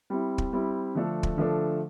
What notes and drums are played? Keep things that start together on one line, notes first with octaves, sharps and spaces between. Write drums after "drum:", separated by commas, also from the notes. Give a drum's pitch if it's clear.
G3 C4 E4
drum: kick
G3 C4 E4
D3 F3 A3 D4 A4
drum: kick
D3 F3 A3 D4 A4